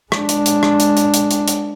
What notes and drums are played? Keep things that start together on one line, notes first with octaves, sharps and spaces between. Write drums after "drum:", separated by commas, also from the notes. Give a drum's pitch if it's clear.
G#3 D4, drum: rim click
drum: hi-hat
drum: hi-hat
drum: rim click
drum: hi-hat
drum: hi-hat
drum: hi-hat
drum: hi-hat
drum: hi-hat